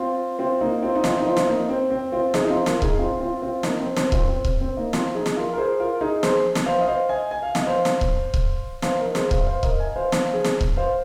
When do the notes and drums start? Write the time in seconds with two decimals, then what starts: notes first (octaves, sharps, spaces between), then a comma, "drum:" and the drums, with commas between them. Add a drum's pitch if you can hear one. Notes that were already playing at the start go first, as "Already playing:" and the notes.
Already playing: C4 F4
0.39 C4 F4
0.61 A#3 D#4
0.82 C4 F4
0.95 D#4
1.04 C4 F4, drum: snare
1.18 D#4
1.26 C4 F4
1.36 drum: snare
1.47 A#3 D#4
1.69 C4
1.91 C4
2.12 C4 F4
2.34 D#4 G#4, drum: snare
2.45 D#4
2.50 C4 F4
2.66 F4 A#4, drum: snare
2.82 D#4 G#4, drum: kick C#1
2.99 C4 F4
3.20 C4 F4
3.42 C4 F4
3.63 A#3 D#4, drum: snare
3.80 C4
3.96 C4, drum: snare
4.12 C4 F4, drum: kick C#1
4.28 C4
4.45 drum: kick C#1
4.61 C4
4.77 A#3 D#4
4.93 C4 F4, drum: snare
5.14 D#4 G#4
5.26 drum: snare
5.37 F4 A#4
5.53 A#4
5.58 G#4 C5
5.80 F4 A#4
6.01 D#4 G#4
6.23 G#4 C5, drum: snare
6.55 drum: snare
6.66 C5 F5
6.81 D#5
6.88 C5 F5
7.09 D#5 G#5
7.31 G#5
7.43 F5
7.55 D#5, drum: snare
7.66 C5 F5
7.85 drum: snare
8.01 drum: kick C#1
8.34 drum: kick C#1
8.82 C5 F5, drum: snare
8.98 A#4 D#5
9.15 G#4 C5, drum: snare
9.31 C5 F5, drum: kick C#1
9.47 C5 F5
9.63 A#4 D#5, drum: kick C#1
9.79 D#5 G#5
9.96 C5 F5
10.12 C5 F5, drum: snare
10.33 G#4 C5
10.44 drum: snare
10.61 drum: kick C#1
10.77 C5 F5